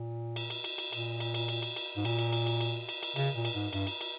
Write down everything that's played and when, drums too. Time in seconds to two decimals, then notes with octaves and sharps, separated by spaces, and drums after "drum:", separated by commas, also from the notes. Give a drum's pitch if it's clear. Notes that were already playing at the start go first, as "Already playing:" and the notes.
Already playing: A#2
0.36 drum: cymbal
0.50 drum: cymbal
0.64 drum: cymbal
0.78 drum: cymbal
0.93 A#2, drum: cymbal
1.20 drum: cymbal
1.34 drum: cymbal
1.48 drum: cymbal
1.62 drum: cymbal
1.76 drum: cymbal
1.96 G#2
2.05 A#2, drum: cymbal
2.19 drum: cymbal
2.33 drum: cymbal
2.47 drum: cymbal
2.61 drum: cymbal
2.89 drum: cymbal
3.03 drum: cymbal
3.16 C#3, drum: cymbal
3.36 A#2
3.45 drum: cymbal
3.54 G#2
3.73 G2, drum: cymbal
3.87 drum: cymbal
4.01 drum: cymbal